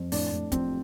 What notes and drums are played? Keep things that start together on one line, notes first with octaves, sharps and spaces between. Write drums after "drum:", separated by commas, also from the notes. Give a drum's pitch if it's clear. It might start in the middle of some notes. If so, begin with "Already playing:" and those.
Already playing: F2
A2 D4, drum: open hi-hat
A2
F3 C4, drum: kick, hi-hat